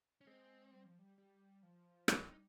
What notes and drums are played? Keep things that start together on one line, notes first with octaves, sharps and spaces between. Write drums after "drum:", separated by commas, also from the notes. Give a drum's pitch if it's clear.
C#4
G#3 C4
G3
F3
G3
G3
F3
G3 D#4, drum: rim click